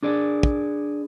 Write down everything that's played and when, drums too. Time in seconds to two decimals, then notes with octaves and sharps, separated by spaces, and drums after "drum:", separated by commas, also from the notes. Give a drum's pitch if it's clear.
0.03 D4 G#4 D5
0.43 drum: kick